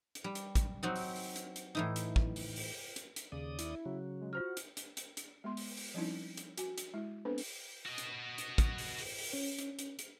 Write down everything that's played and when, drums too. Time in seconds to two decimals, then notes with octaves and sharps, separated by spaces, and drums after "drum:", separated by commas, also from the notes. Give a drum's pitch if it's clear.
0.15 drum: hi-hat
0.24 G3
0.35 drum: hi-hat
0.55 drum: kick, hi-hat
0.83 F#3 C4 D#4
0.96 drum: open hi-hat
1.16 drum: open hi-hat
1.36 drum: hi-hat
1.56 drum: hi-hat
1.75 A2 E3 D#4
1.96 drum: hi-hat
2.16 drum: kick
2.36 drum: open hi-hat
2.56 drum: open hi-hat
2.96 drum: hi-hat
3.16 drum: hi-hat
3.32 D#2 C#3 D5 D#6
3.59 E4, drum: hi-hat
3.86 C#3 F#3
4.21 G#3
4.33 F4 F#4 C5 F6
4.57 drum: hi-hat
4.77 drum: hi-hat
4.97 drum: hi-hat
5.17 drum: hi-hat
5.44 G#3 B3 C6
5.57 drum: open hi-hat
5.77 drum: open hi-hat
5.94 F3 G3 C4 C#4 D#4 E4
6.37 drum: hi-hat
6.58 F#4 G#5, drum: hi-hat
6.78 drum: hi-hat
6.94 G#3 E4
7.25 B3 C4 D4 A4 B4 C5
7.38 drum: open hi-hat
7.86 F#4 D#5
7.98 drum: hi-hat
8.38 drum: hi-hat
8.58 drum: kick, hi-hat
8.78 drum: open hi-hat
8.98 drum: open hi-hat
9.18 drum: open hi-hat
9.33 C#4
9.59 drum: hi-hat
9.79 drum: hi-hat
9.99 drum: hi-hat